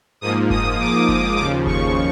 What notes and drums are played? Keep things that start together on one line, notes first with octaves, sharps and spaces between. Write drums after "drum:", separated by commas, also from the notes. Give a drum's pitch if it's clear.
G#2 F3 A#3 D#6
D#6, drum: kick F#1
D6
drum: kick F#1
D#2 C#3 F3 D6
C#6, drum: kick F#1